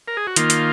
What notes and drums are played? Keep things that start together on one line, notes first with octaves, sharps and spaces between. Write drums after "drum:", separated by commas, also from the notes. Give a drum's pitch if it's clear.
A#4
G#4
F#4
D#3 A#3 F4, drum: hi-hat
drum: hi-hat